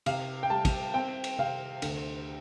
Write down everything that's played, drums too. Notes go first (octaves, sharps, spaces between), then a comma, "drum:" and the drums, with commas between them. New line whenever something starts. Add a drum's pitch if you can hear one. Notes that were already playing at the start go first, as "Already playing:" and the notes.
C3 F5, drum: cymbal
G5
G3 A5
drum: kick, cymbal
C4 G5
drum: cymbal
C3 F5
D2, drum: cymbal